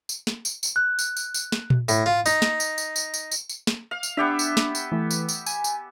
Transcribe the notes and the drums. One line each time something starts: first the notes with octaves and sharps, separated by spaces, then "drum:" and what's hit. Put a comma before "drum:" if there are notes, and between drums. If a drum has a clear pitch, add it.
drum: tambourine
drum: snare
drum: tambourine
drum: tambourine
F#6
drum: tambourine
drum: tambourine
drum: tambourine
drum: snare
drum: tom A#2
A2, drum: tambourine
F4
D#4, drum: tambourine
drum: snare
drum: tambourine
drum: tambourine
drum: tambourine
drum: tambourine
drum: tambourine
drum: tambourine
drum: snare
F5
drum: tambourine
B3 D4 G4 E5
drum: tambourine
drum: snare
drum: tambourine
E3 A3
drum: tambourine
drum: tambourine
G#5, drum: tambourine
drum: tambourine